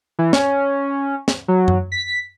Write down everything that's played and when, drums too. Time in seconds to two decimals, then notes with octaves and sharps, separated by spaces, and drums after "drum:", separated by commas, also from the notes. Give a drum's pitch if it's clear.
0.19 E3
0.33 C#4, drum: snare
1.28 drum: snare
1.48 F#3
1.68 drum: tom F#2
1.92 B6